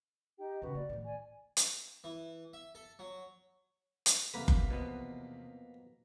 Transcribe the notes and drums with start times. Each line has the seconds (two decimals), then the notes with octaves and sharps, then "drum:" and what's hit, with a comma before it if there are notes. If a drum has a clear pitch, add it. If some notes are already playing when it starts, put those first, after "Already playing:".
0.38 D#4 G4 G5
0.62 F#2 C#3 F#4 B4
0.75 A#3 D5
0.89 A2 D#3
1.04 D5 G#5
1.57 drum: hi-hat
2.04 E3
2.53 E5
2.75 A4
2.99 F#3
4.06 drum: hi-hat
4.34 E2 C3 A#3 B4
4.48 drum: kick F#1
4.70 B2 F3 B3